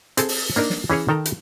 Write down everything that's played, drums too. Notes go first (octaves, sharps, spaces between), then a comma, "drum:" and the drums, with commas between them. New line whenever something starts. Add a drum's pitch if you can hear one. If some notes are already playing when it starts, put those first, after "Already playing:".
C4 G#4 A4, drum: hi-hat
drum: open hi-hat
A#3 D4 D#4 A#4
drum: snare
E3 C#4 G#4 C#5
D#3 A4 G5 A#5
drum: hi-hat